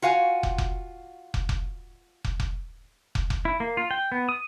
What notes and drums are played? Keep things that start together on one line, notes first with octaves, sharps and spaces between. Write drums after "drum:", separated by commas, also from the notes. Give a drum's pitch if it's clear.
F4 F#4 F5 G#5
drum: kick
drum: kick
drum: kick
drum: kick
drum: kick
drum: kick
drum: kick
drum: kick
E4
A#3
F4
G5
B3
D#6